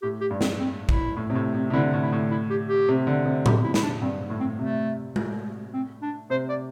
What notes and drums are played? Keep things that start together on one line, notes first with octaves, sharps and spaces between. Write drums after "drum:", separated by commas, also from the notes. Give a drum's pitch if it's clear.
A2 G4
G4
G2
C4, drum: snare
C4
E4, drum: kick
A2
C3
A2
C3
C3
D3 E4
A2
E4
A2
E4
G4
G4
C3
D3
C3
G4, drum: tom A2
E4
E4, drum: snare
D4
G2 C4
A2
C4
C3 A3
A2, drum: tom G#3
C4
D4
C3 C5
D5